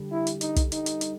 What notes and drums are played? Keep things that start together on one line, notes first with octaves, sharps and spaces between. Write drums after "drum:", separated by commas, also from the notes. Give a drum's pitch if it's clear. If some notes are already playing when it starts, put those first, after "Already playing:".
Already playing: D3 G3
E4
drum: hi-hat
D#4, drum: hi-hat
drum: kick, hi-hat
D#4, drum: hi-hat
drum: hi-hat
drum: hi-hat